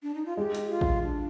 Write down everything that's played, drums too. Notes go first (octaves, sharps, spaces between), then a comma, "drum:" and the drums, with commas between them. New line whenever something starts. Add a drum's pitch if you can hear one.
D4
D#4
F4
G#3 G4
drum: hi-hat
F4
drum: kick A1
D4